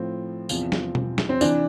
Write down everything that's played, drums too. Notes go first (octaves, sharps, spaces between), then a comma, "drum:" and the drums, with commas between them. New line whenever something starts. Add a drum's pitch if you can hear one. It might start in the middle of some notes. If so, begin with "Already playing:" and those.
Already playing: A2 F3 C4
E2 C3 F3, drum: tambourine
drum: snare
drum: tom B2
drum: snare
C4
C3 E3 D4, drum: tambourine